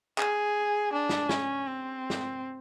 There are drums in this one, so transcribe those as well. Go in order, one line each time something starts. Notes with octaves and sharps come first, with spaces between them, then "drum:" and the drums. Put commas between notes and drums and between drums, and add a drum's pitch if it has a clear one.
G#4, drum: clap
D4
drum: snare
C#4, drum: snare
C4
drum: snare